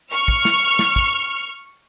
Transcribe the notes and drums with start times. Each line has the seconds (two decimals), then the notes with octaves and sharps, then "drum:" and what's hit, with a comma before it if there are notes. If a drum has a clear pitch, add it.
0.11 C#6 F6
0.28 drum: kick
0.45 drum: snare
0.79 drum: snare
0.96 drum: kick